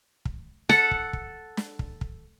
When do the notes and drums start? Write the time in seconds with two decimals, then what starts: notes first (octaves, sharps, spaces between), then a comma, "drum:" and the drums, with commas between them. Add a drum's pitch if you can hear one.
0.25 drum: kick
0.69 A4 F#5, drum: snare
0.91 drum: kick
1.13 drum: kick
1.57 drum: snare
1.79 drum: kick
2.01 drum: kick